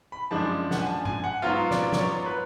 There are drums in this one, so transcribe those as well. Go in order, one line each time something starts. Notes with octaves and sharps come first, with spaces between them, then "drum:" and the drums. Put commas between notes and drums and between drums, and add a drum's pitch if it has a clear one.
B5
F#2 F3 G#3 D4 A5
F#5, drum: snare
G#5
A5
G#5, drum: tom G#2
F#5
G#2 F#3 B3 F4 F5
D5, drum: snare
D5, drum: snare
C#5
B4